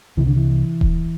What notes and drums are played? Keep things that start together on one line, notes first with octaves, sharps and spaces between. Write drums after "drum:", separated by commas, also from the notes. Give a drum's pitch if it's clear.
C2 C3 E3
D3
E3
drum: kick D#1